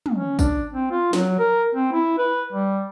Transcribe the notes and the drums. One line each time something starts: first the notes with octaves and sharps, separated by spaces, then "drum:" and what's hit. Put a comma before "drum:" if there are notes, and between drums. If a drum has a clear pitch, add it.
drum: tom
C#4
D4, drum: kick, tambourine
C4
F4
F#3, drum: snare
A#4
C4
E4
B4
G3